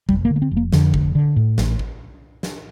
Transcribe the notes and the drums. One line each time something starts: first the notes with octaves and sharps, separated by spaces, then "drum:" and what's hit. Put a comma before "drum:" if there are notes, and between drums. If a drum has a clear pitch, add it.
F1 G3, drum: kick G#1
A#3
D3
A#3
C4
F1
A#3
F2 D3, drum: snare
F1, drum: kick G#1
D3
A2
A1, drum: snare
drum: kick G#1
drum: snare